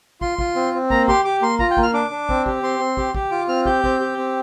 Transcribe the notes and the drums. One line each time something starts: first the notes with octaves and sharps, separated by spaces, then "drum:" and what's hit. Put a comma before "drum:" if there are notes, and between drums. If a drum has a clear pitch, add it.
F4 C6, drum: kick
F4, drum: kick
C4
C4
A#3 A#5, drum: kick
G4 C6, drum: kick
G4 D6
A#3 C6
F4 A#5, drum: kick
G5
A#3, drum: kick
F6
D4 D6
D4
C4, drum: kick
G4, drum: kick
C4 C6
C4
G4, drum: kick
G4, drum: kick
F4 D6
C4 F6
G4 G6, drum: kick
C4, drum: kick
G4
C4